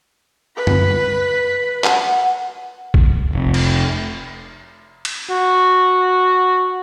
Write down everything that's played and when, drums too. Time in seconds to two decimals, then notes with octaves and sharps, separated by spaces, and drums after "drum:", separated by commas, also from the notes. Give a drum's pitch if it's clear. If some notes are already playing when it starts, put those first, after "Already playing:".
0.57 B4 B5
0.67 drum: tom F#2
1.84 F#5, drum: clap
2.94 drum: kick
3.33 F1
3.54 drum: cymbal
5.05 drum: cymbal
5.30 F#4